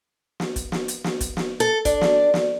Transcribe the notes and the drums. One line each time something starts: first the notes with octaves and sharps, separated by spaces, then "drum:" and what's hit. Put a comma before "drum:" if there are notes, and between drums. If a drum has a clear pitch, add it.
drum: snare
drum: kick, hi-hat
drum: snare
drum: hi-hat
drum: snare
drum: kick, hi-hat
drum: snare
A4
D4, drum: kick, hi-hat
drum: snare
drum: snare